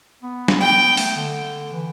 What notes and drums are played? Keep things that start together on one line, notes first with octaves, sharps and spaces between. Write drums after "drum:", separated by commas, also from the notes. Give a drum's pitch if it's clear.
B3
drum: snare
G5
A3, drum: open hi-hat
D3
E3